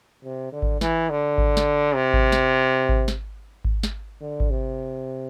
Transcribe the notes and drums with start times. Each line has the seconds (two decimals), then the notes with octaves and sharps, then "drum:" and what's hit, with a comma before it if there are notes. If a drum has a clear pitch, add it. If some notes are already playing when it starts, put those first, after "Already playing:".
0.24 C3
0.52 D3
0.62 drum: kick G#1
0.81 E3, drum: snare
1.10 D3
1.38 drum: kick G#1
1.57 drum: snare
1.94 C3
2.13 drum: kick G#1
2.32 drum: snare
2.89 drum: kick G#1
3.08 drum: snare
3.65 drum: kick G#1
3.83 drum: snare
4.21 D3
4.40 drum: kick G#1
4.50 C3